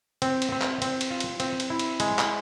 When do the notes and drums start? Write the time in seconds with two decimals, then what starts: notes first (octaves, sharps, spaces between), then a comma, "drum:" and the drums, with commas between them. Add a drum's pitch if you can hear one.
0.22 C4, drum: cymbal
0.42 drum: cymbal
0.52 C4
0.61 drum: clap
0.82 C4, drum: cymbal
1.01 drum: cymbal
1.10 F4
1.20 drum: cymbal
1.40 C4, drum: cymbal
1.60 drum: cymbal
1.70 E4
1.79 drum: cymbal
2.00 G#3, drum: cymbal
2.19 drum: clap